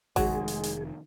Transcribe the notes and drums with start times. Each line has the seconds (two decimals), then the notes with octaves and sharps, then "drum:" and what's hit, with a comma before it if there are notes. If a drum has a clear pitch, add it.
0.16 F1 D#3 F#3 G#3 G#4, drum: kick A1, open hi-hat
0.48 drum: hi-hat
0.63 drum: hi-hat